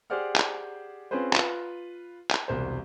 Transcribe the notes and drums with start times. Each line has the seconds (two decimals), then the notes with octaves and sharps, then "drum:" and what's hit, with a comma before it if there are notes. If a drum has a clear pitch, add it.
0.10 G4 G#4 C5 D5 F#5 F6
0.36 drum: clap
1.11 C4 C#4 F4 G#4 B4 C5
1.33 F4 B4, drum: clap
2.31 drum: clap
2.48 E1 C2 C5